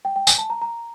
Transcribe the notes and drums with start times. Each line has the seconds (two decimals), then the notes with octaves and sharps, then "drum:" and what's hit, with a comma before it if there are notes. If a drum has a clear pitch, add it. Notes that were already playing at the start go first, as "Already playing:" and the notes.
0.05 G5
0.16 G5
0.27 G#5, drum: tambourine
0.38 A5
0.50 A#5
0.62 A#5